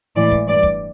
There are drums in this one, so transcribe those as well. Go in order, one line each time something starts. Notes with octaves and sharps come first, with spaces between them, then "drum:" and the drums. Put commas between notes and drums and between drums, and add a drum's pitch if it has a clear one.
A2 E3 G#3 D5
drum: kick
G2 E3 G3 D5
drum: kick